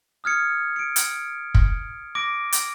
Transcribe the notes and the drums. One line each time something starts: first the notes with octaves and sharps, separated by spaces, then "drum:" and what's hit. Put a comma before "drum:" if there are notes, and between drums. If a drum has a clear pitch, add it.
D#6 F6 G#6 C#7
C#7 D7
drum: hi-hat
drum: kick
D6 A#6 D7
drum: hi-hat